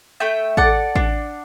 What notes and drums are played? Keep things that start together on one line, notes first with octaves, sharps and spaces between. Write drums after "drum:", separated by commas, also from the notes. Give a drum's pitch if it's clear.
A3 E5 G5
A4 D5 F#5, drum: kick A1
D4, drum: kick A1